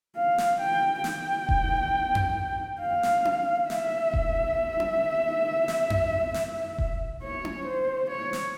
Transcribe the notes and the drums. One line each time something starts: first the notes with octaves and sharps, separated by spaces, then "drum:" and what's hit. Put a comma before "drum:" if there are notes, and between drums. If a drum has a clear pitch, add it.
F5
drum: snare
G5
G5, drum: snare
drum: kick E1
drum: tom F2
F5
drum: snare
drum: tom C#4
E5, drum: snare
drum: kick E1
drum: tom C#4
drum: snare
drum: tom F2
drum: snare
drum: kick E1
C#5
drum: tom C#4
C5
C#5
drum: snare